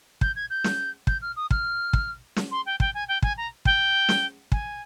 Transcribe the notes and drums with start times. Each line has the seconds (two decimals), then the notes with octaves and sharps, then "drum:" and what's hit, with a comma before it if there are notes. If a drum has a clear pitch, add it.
0.21 G6, drum: kick
0.36 G#6
0.50 G6
0.64 drum: snare
1.07 G6, drum: kick
1.21 F6
1.36 D#6
1.51 F6, drum: kick
1.93 drum: kick
2.36 drum: snare
2.51 C6
2.66 G5
2.80 G5, drum: kick
2.94 G#5
3.08 G5
3.22 G#5, drum: kick
3.37 A#5
3.65 G5, drum: kick
4.09 drum: snare
4.52 G#5, drum: kick